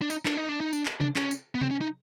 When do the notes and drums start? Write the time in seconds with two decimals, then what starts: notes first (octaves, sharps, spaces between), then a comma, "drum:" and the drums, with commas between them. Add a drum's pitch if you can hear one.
0.02 D4
0.10 D#4, drum: tambourine
0.26 D4, drum: clap
0.37 D#4
0.49 D4
0.60 D#4
0.73 D4, drum: tambourine
0.86 drum: clap
1.01 D4, drum: tom C3
1.16 C#4, drum: clap
1.31 drum: tambourine
1.55 B3
1.61 C4, drum: tom C3
1.71 C#4
1.81 D#4